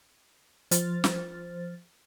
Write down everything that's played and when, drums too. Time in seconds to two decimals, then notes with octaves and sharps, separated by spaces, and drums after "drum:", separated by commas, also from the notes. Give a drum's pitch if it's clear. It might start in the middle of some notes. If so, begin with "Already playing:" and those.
0.71 F3 C5 F6 A6, drum: hi-hat
1.04 drum: snare